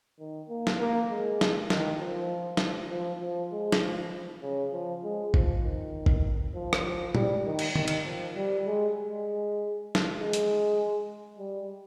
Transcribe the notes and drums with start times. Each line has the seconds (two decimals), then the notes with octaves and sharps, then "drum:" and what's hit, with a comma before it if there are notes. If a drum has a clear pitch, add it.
0.19 D#3
0.49 A#3
0.67 drum: snare
0.80 A#3
1.10 G#3
1.41 drum: snare
1.70 D#3, drum: snare
2.00 F3
2.57 drum: snare
2.91 F3
3.22 F3
3.52 G#3
3.72 drum: snare
3.82 F3
4.42 C#3
4.73 F3
5.04 G#3
5.34 F3, drum: kick G#1
5.64 D#3
6.06 drum: kick G#1
6.54 F3
6.73 drum: rim click
6.85 F3
7.15 G3, drum: tom
7.45 D#3
7.59 drum: cymbal
7.76 D#3, drum: tom
7.88 drum: cymbal
8.06 F3
8.36 G3
8.66 G#3
8.97 G#3
9.95 drum: snare
10.18 G#3
10.33 drum: hi-hat
11.39 G3